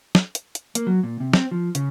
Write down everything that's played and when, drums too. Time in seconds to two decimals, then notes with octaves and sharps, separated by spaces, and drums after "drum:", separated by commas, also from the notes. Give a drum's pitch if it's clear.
0.15 drum: snare
0.35 drum: hi-hat
0.55 drum: hi-hat
0.75 A#3, drum: hi-hat
0.87 F#3
1.03 A#2
1.20 C3
1.33 C4, drum: snare
1.51 F3
1.75 C#3, drum: hi-hat